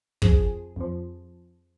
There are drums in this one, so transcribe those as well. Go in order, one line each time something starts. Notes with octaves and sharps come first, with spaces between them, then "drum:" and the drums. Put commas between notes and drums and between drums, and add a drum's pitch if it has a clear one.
F2 F3 G#4, drum: kick
F2 F3